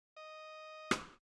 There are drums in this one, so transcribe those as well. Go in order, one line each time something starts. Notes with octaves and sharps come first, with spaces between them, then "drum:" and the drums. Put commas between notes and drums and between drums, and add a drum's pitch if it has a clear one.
D#5
drum: rim click